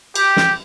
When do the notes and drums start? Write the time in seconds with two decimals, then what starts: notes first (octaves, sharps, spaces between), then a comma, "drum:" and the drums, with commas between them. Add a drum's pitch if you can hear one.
0.15 G4, drum: cymbal
0.36 drum: snare